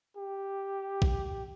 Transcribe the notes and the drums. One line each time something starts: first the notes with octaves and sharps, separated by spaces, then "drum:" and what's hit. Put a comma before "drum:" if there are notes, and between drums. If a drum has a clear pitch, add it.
G4
drum: kick A#1